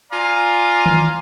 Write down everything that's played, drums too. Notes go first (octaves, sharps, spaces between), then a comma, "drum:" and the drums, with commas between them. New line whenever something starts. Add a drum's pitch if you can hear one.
F4 D5 F5 G#5 A#5
drum: tom D#3